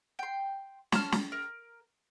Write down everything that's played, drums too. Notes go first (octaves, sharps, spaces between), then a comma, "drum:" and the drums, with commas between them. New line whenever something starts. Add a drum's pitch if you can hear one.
G5 C6
C#5 A5 C6 F6, drum: snare
drum: snare
A#4